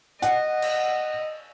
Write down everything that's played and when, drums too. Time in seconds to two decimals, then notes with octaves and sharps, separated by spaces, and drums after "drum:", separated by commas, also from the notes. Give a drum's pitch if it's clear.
0.22 D#5 F#5, drum: hi-hat
0.62 drum: cymbal